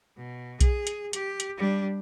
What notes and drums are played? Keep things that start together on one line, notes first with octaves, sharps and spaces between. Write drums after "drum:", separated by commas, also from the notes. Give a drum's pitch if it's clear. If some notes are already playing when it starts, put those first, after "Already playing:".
B2
G#4, drum: kick B1, hi-hat
drum: hi-hat
G4, drum: hi-hat
drum: hi-hat
G3 D4